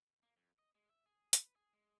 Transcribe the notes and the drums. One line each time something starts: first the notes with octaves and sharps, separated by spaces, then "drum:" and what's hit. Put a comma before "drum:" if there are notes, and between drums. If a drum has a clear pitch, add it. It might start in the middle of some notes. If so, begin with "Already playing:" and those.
A#3
F2
D#5
G#3
E5
G#4
B4, drum: hi-hat
G#4
G#3